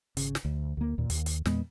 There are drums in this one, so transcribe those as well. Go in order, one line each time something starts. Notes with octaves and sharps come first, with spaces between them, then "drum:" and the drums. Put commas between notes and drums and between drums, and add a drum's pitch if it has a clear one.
G#1 C#3, drum: hi-hat
drum: snare
D2
D2 A#3
D#2 A#2
D#2, drum: hi-hat
drum: hi-hat
E2 A#2 G#3 B3, drum: snare